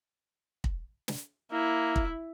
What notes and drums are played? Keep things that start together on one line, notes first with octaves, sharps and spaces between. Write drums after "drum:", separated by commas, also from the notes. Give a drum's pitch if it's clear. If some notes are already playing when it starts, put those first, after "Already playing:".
drum: kick
drum: snare
A#3 E4
drum: kick